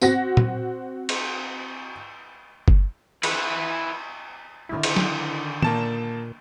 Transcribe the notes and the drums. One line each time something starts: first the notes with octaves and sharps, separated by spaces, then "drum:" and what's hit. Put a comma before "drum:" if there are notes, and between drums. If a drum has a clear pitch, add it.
C4 F#4 A#6, drum: tambourine
drum: tom
drum: cymbal
drum: kick F#1
E4 B4, drum: cymbal
D3 D#3 E4
drum: cymbal
drum: snare
A#2 A#3 A5 E7, drum: tom